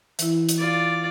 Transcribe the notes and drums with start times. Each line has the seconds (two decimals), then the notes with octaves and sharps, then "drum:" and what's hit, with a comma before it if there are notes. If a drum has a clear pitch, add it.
0.19 E3 E4, drum: hi-hat
0.49 drum: hi-hat
0.59 F4 D5